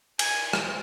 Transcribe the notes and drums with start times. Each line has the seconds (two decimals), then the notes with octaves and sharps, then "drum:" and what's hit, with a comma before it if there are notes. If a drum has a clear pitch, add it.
0.19 G#5, drum: cymbal
0.53 drum: rim click